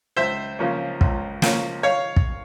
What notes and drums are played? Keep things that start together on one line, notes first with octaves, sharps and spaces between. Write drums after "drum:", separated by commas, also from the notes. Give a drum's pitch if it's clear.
C#2 C5 E5
C#3 F3 A#3 C#4
C#2, drum: kick
C#3 F3 A#3 C#4, drum: snare
C#5 F5
drum: kick